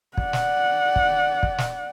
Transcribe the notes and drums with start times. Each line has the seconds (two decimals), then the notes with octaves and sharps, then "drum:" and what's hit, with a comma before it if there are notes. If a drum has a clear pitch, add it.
0.17 D5 F#5, drum: kick
0.33 drum: snare
0.96 drum: kick
1.43 drum: kick
1.58 drum: snare